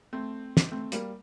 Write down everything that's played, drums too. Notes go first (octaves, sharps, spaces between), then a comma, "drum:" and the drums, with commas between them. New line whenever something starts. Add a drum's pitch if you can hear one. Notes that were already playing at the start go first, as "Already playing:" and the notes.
A3 C4
drum: snare
A3 C4
G3 A#3, drum: hi-hat